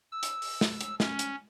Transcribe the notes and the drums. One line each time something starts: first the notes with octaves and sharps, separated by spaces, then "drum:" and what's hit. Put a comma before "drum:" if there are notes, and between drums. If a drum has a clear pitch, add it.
E6
drum: hi-hat
drum: open hi-hat
drum: snare
drum: hi-hat
C#4, drum: snare
drum: hi-hat